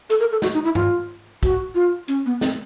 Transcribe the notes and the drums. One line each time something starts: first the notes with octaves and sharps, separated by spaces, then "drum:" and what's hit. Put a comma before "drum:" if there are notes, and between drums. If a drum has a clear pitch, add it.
A4, drum: hi-hat
A#4
A4
F#4, drum: snare
D#4
E4
F4, drum: tom G2
F#4, drum: kick, hi-hat
F4
C#4, drum: hi-hat
B3
C4, drum: snare